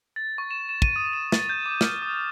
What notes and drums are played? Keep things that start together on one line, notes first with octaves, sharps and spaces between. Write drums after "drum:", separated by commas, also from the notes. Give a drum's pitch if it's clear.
A6
C#6
E7
E7
D#7, drum: kick
D#6
E7
A6, drum: snare
G6
D6
F6, drum: snare
D#6